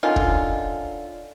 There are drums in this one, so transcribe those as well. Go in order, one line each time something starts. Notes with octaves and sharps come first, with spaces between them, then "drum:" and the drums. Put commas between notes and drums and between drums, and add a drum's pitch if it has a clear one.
D3 D#3 C#4 F4
drum: kick